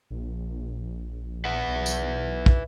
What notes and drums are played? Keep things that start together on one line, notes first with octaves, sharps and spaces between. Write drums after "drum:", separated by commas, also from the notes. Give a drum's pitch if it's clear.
A#1
B4 E5 F#5
B1
drum: tambourine
drum: kick